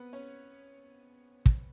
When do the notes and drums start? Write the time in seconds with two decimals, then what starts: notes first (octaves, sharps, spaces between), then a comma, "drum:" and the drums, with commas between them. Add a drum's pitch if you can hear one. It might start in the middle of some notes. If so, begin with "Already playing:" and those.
Already playing: B3 C4 B4
0.13 C#4 C#5
1.46 drum: kick